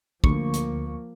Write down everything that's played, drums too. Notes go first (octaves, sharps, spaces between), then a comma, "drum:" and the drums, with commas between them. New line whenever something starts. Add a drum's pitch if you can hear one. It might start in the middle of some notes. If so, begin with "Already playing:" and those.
D2 F3 A#3 C#6, drum: kick
drum: hi-hat